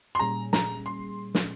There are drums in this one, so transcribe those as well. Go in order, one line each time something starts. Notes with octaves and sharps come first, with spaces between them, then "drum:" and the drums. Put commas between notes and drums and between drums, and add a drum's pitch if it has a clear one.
C6
A#2 G3 C#4 G#4 A#5
A#5, drum: snare
C6
drum: snare